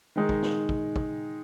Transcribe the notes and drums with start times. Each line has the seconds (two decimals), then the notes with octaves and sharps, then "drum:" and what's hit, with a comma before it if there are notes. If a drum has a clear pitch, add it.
0.16 D#3 G#3 D#4
0.29 drum: kick
0.42 drum: snare
0.69 drum: kick
0.96 drum: kick